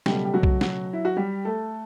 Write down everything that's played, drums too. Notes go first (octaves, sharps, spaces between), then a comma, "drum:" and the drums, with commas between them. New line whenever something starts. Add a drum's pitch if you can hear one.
C#2 B2 F#3 G3 A3 G4, drum: snare
G4
F#3 F#4
drum: kick
F#3 F#4, drum: snare
E4
F#4
G3 G4
A3 A4